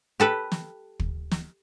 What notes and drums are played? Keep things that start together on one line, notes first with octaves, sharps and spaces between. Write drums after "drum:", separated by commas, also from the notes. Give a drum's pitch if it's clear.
G4 A4 B4
drum: snare
drum: kick
drum: snare